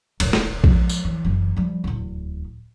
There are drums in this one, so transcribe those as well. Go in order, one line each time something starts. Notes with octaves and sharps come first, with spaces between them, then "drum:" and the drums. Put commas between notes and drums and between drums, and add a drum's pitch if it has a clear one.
D1 G1, drum: cymbal
drum: snare
F3 G#3, drum: kick A#1
drum: tambourine
E3
F#1 E3
F3 G3
D1 E2